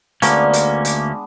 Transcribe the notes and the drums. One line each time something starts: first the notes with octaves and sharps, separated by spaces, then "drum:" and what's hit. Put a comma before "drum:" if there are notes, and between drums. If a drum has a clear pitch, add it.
D2 G#3 A#3 B3 C#4 D4, drum: hi-hat
drum: hi-hat
drum: hi-hat